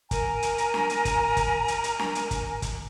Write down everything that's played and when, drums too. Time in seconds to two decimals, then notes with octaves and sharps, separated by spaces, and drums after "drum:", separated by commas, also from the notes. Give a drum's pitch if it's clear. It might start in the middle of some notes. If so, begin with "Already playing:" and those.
0.11 A#4 G#5 A#5, drum: kick, hi-hat
0.42 drum: hi-hat
0.58 drum: hi-hat
0.74 drum: snare D4
0.90 drum: hi-hat
1.05 drum: kick, hi-hat
1.37 drum: kick, hi-hat
1.68 drum: hi-hat
1.84 drum: hi-hat
1.99 drum: snare D4
2.15 drum: hi-hat
2.31 drum: kick, hi-hat
2.62 drum: kick, hi-hat